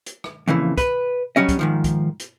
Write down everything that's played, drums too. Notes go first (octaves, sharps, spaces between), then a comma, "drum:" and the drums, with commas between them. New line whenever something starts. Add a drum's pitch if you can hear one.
drum: hi-hat
drum: rim click
F2 A#2 C#3 E3
B4, drum: kick, hi-hat
F#3 G3 C#4 D#5
drum: kick, hi-hat
G#2 D#3 F3
drum: kick, hi-hat
drum: hi-hat